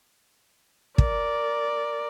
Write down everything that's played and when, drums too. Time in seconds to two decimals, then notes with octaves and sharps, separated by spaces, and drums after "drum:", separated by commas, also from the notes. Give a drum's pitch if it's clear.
0.98 A#4 D5, drum: kick